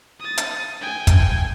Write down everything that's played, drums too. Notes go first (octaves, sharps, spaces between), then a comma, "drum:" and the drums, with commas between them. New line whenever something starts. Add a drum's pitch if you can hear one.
D#6 A6
drum: hi-hat
G5 G#5
drum: kick, hi-hat